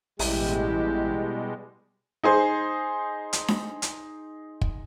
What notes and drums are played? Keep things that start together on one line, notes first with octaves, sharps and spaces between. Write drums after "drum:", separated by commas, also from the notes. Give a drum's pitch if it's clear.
A1 B2 G3 G#3 E4 G4, drum: open hi-hat
D#4 G#4 C5
drum: hi-hat
drum: snare D4
drum: hi-hat
drum: kick